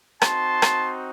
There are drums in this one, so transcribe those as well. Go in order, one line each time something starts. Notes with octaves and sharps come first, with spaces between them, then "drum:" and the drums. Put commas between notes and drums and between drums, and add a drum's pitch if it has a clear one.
C4 D#4 F#4 A5 C6, drum: rim click
drum: rim click